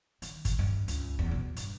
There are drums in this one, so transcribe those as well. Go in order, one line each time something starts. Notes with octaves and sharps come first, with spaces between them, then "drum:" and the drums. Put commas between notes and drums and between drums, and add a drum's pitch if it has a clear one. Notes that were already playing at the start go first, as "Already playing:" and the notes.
D#3, drum: hi-hat
drum: kick G1, hi-hat
G2
C#2, drum: hi-hat
E2
B2
G2, drum: hi-hat